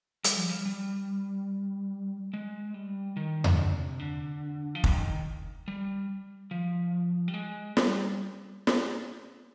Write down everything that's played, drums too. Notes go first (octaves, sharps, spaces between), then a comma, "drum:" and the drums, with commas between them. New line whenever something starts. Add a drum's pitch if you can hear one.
G3, drum: hi-hat
F3
G3
G3
G#3
G3
D#3
D3, drum: tom E2
C3
D3
F3
D#3, drum: kick
G3
F3
G3
G#3
G3, drum: snare
drum: snare